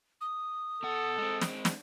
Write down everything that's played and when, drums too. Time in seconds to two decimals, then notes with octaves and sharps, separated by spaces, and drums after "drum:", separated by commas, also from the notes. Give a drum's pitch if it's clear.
0.21 D#6
0.83 B2 A4 F#5
1.18 G#3 C4
1.41 drum: snare
1.65 drum: snare